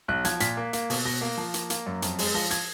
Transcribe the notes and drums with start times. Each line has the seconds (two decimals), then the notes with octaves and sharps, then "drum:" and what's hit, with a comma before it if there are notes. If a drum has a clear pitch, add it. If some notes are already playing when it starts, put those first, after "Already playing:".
0.08 B1 F#6
0.25 F3 G#6, drum: hi-hat
0.40 A#2 B6, drum: hi-hat
0.57 A#3
0.73 A#3, drum: hi-hat
0.90 B2, drum: open hi-hat
1.05 B2 A#6
1.21 A#3
1.38 F3
1.54 A#3, drum: hi-hat
1.70 A#3, drum: hi-hat
1.86 F#2
2.02 F2, drum: hi-hat
2.18 G#3, drum: open hi-hat
2.34 F3 A#6
2.51 G#6, drum: hi-hat